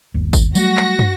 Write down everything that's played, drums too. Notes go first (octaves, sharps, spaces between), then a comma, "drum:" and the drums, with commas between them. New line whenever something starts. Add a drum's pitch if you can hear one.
G1 D#2
drum: kick G#1, tambourine
F#3 G3 A3 F#4 A#6, drum: tambourine
drum: clap
drum: tom